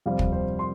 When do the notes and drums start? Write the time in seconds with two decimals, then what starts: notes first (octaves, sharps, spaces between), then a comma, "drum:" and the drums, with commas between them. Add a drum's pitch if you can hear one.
0.06 F2 C3 G3 C4 F5
0.19 drum: kick
0.32 C5
0.59 C6